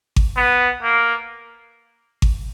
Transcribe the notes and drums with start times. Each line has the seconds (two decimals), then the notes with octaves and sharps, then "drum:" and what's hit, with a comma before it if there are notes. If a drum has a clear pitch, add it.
0.16 drum: kick G#1
0.36 B3
0.82 A#3
2.22 drum: kick G#1